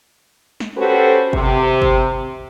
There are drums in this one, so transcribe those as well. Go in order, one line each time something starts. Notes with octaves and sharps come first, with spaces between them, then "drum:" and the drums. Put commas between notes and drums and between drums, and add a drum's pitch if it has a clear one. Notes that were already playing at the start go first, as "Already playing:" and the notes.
drum: snare
C#4 F#4 G4 A4 B4 C5
C3, drum: kick G1
drum: kick G1